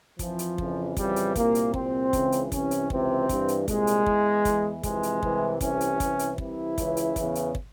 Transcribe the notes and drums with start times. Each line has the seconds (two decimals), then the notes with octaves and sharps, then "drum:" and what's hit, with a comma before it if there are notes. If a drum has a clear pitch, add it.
0.19 F2 E3 F3, drum: kick, hi-hat
0.39 drum: hi-hat
0.58 F2 C#3 E3, drum: kick
0.97 F2 C#3 E3 G3, drum: kick, hi-hat
1.16 drum: hi-hat
1.36 C2 A#2 A#3, drum: kick, hi-hat
1.55 drum: hi-hat
1.74 C2 A#2 C4, drum: kick
2.13 C#2 C#3 E3, drum: kick, hi-hat
2.32 drum: hi-hat
2.52 C2 C3 E3 C#4, drum: kick, hi-hat
2.71 drum: hi-hat
2.90 C#2 C3 E3 C4, drum: kick
3.29 G2 E3, drum: kick, hi-hat
3.48 drum: hi-hat
3.68 C2 A#2 G#3, drum: kick, hi-hat
3.87 drum: hi-hat
4.06 E2 E3, drum: kick
4.45 E2 E3, drum: kick, hi-hat
4.83 F2 C3 E3 G#3, drum: kick, hi-hat
5.03 drum: hi-hat
5.23 C2 C3 E3, drum: kick
5.61 C2 C3 E3 C#4, drum: kick, hi-hat
5.81 drum: hi-hat
6.00 C2 C3 E3, drum: kick, hi-hat
6.19 drum: hi-hat
6.38 C2 C3 E3 E4, drum: kick
6.78 C#2 C#3 E3, drum: kick, hi-hat
6.97 drum: hi-hat
7.16 E2 C#3 E3, drum: kick, hi-hat
7.35 drum: hi-hat
7.55 drum: kick